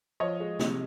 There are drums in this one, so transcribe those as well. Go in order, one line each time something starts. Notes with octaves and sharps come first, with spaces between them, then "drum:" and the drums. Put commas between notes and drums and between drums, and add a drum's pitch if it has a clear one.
F3 C#5 D#5
G#3
C3, drum: snare